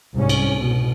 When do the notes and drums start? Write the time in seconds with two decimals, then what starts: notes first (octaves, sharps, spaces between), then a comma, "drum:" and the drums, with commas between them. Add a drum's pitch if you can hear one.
0.15 C2 G#2 C#4
0.29 drum: cymbal
0.55 B2